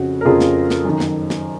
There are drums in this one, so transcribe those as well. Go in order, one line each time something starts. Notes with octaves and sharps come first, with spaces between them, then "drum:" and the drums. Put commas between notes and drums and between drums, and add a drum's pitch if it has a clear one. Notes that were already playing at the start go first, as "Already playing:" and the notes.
Already playing: F2 C#3 F#4
A#4
F2 C#3 F4 G#4
drum: snare
drum: snare
F#2 D#3
drum: snare
drum: snare